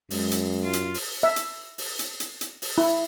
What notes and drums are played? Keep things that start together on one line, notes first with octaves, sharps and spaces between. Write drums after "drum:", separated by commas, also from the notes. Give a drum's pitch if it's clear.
F#2 G#3, drum: open hi-hat
drum: hi-hat
F4
drum: hi-hat
drum: open hi-hat
E5
drum: hi-hat
drum: open hi-hat
drum: hi-hat
drum: hi-hat
drum: hi-hat
drum: open hi-hat
E4